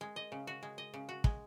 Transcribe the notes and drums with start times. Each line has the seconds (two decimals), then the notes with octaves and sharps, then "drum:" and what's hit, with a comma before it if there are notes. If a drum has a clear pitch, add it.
0.01 G#3
0.16 D#5
0.32 C#3
0.47 F#4
0.63 G#3
0.78 D#5
0.94 C#3
1.09 F#4
1.24 G#3, drum: kick